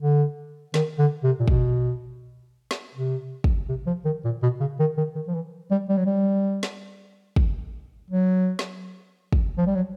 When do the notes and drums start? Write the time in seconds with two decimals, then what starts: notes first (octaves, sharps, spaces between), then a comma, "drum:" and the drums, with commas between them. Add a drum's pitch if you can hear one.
0.01 D3
0.74 D#3, drum: snare
0.99 D3
1.24 C3
1.39 A#2
1.48 B2, drum: kick
2.71 drum: snare
2.95 C3
3.44 drum: kick
3.69 C3
3.87 F3
4.05 D#3
4.24 A#2
4.43 B2
4.60 C#3
4.80 D#3
4.98 D#3
5.15 D#3
5.28 F3
5.34 E3
5.71 G3
5.89 G3
5.97 F#3
6.06 G3
6.63 drum: snare
7.36 drum: kick
8.11 F#3
8.59 drum: snare
9.33 drum: kick
9.58 F3
9.67 G3
9.75 F#3